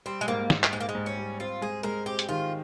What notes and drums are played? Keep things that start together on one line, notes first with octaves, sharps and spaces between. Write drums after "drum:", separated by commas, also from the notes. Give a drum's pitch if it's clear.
G3 C4
G#3
G#2 A#3
G#2, drum: snare
drum: clap
G#2 G#3
A#3
G#3
G#2
C#4
G3
C4 F4
G#3 G#4
G#3 A#4
C4 G4
drum: hi-hat
D#3 F4